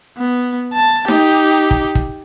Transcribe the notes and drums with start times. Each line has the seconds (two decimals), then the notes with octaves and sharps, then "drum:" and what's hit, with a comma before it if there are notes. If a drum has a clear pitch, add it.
0.17 B3
0.73 A5
1.08 D#4 G4, drum: snare D#4
1.71 drum: kick
1.95 drum: kick